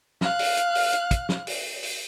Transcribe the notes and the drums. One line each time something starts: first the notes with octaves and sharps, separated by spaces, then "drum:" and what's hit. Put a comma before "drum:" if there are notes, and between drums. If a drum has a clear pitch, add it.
F5 F#6, drum: snare
drum: open hi-hat
drum: hi-hat
drum: open hi-hat
drum: hi-hat
drum: kick, hi-hat
drum: snare
drum: open hi-hat
drum: open hi-hat